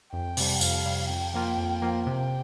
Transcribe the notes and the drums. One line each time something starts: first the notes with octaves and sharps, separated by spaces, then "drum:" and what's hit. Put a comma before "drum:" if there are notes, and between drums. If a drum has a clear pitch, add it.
F2 G5
C3 G3, drum: open hi-hat
F2 F5, drum: tambourine
C3 G3
F2 G5
F3 A#3 F4
F2
F3 A#3 F4
C3 G5